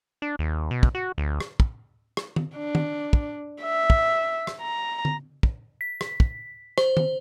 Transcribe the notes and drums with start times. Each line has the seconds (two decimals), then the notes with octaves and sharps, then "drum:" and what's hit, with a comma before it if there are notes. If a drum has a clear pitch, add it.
0.22 D4
0.39 D#2
0.71 B2
0.83 drum: kick
0.95 F#4
1.18 D2
1.40 drum: rim click
1.60 drum: kick
2.17 drum: rim click
2.36 drum: tom
2.56 D4
2.75 drum: tom
3.13 drum: kick
3.62 E5
3.90 drum: kick
4.47 drum: rim click
4.61 A#5
5.05 drum: tom D3
5.43 drum: kick
5.81 B6
6.01 drum: rim click
6.20 drum: kick
6.78 C5, drum: rim click
6.97 drum: tom